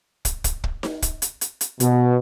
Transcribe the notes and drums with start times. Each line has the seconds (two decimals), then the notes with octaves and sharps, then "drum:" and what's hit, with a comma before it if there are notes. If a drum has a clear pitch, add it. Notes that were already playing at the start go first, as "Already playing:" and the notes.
0.25 drum: kick, hi-hat
0.44 drum: kick, hi-hat
0.64 drum: kick
0.83 drum: snare D#4
1.02 drum: kick, hi-hat
1.22 drum: hi-hat
1.41 drum: hi-hat
1.61 drum: hi-hat
1.80 B2, drum: hi-hat